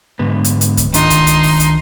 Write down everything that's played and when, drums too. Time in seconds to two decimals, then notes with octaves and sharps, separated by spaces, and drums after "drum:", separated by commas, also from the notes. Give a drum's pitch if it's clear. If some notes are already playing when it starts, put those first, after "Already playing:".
0.19 G#2 D3 B3
0.44 drum: hi-hat
0.61 drum: hi-hat
0.77 drum: kick C2, hi-hat
0.94 D#3 D4 D#4 F4 C6, drum: hi-hat
1.10 drum: kick C2, hi-hat
1.27 drum: hi-hat
1.43 drum: kick C2, open hi-hat
1.60 drum: hi-hat